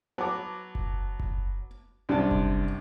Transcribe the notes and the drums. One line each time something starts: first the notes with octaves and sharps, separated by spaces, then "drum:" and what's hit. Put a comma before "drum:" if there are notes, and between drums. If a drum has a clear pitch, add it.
F#3 B3 A5 D6
drum: kick F#1
drum: kick F#1
C2 F#2 C3 D4 D5 A5
drum: kick F#1